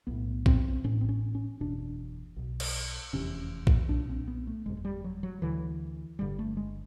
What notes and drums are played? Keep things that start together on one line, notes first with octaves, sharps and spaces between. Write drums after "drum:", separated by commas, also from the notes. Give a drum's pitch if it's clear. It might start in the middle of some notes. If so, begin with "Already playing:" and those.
B1 A2 B3
C4, drum: kick A#1
A1 A2 C#4
C4
C#4
C#4
F#1 E2 B2 D4
B1 B2
drum: cymbal
F1 E2 C3 C#4
drum: kick A#1
B1 A#2 D4
C4
B3
A3
G1 F2 C3 G#3
G#3
G3
F#3
F#3
D2 D3 E3
G1 G2 D3 G3
A3
G#3